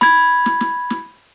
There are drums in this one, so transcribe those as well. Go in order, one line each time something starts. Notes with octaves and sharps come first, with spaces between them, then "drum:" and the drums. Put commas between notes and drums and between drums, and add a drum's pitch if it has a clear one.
B5 G#6, drum: snare
drum: snare
drum: snare
drum: snare